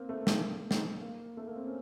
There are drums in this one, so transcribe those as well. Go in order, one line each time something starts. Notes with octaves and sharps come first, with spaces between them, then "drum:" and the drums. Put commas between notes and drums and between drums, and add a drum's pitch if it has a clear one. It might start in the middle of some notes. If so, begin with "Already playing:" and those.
Already playing: A#3 C4
A3
A#3, drum: snare
drum: snare
A#3
A3
A#3
C4
C#4